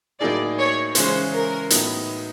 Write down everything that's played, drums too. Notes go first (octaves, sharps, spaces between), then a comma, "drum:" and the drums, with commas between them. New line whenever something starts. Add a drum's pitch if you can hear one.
A2 F#3 A#3 D#4 G#4 D5
C#5
C#3 E3 G#3 C#4 C5, drum: hi-hat
A#4
A2 F#3 B3 D#4, drum: hi-hat